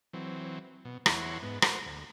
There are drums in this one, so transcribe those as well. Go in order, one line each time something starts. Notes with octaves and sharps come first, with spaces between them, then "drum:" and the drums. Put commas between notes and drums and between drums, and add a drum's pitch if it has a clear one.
E3 F#3 C4
B2
E2 E4 C#5 F#5 C6, drum: rim click
G#2 B3
F#4 A#4 C5, drum: rim click
D2